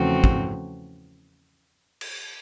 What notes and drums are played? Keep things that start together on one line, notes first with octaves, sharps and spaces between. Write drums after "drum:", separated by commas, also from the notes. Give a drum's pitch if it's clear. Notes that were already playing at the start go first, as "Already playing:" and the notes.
Already playing: E2 C#3 F3 A3 C4 F#4
drum: kick
drum: cymbal